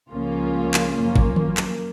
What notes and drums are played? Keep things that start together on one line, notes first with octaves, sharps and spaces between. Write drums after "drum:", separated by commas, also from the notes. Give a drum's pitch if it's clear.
C#2 C#3 F3 A#3 C#4 F4
drum: clap
F#2 F3 A#3
drum: kick
drum: tom D#3
drum: clap